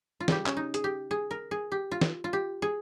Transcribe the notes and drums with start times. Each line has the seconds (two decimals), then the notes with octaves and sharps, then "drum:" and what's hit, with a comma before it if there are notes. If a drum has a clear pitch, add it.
0.20 F4
0.28 C#3 G3 G4, drum: snare
0.46 C#4, drum: clap
0.57 D#4
0.74 G#4, drum: hi-hat
0.84 G4
1.11 G#4
1.31 A#4
1.51 G#4
1.72 G4
1.91 F4
2.01 drum: snare
2.24 F4
2.33 G4
2.62 G#4